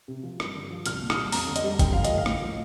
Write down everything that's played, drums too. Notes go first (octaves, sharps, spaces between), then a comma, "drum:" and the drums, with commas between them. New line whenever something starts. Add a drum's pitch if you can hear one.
C3
F3
G2, drum: rim click
D3
F3
C2 F6, drum: hi-hat
A#2
D#6, drum: rim click
G3
F2 A#5, drum: open hi-hat
D3
D#5, drum: hi-hat
G3
D3 G5, drum: kick, hi-hat
F3 F5
D#5, drum: hi-hat
A3
F5
A2, drum: rim click
F3